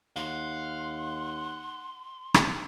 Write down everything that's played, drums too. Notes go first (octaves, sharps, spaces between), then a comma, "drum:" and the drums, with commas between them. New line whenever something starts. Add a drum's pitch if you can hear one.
D#2 F5 F#5 C6
drum: rim click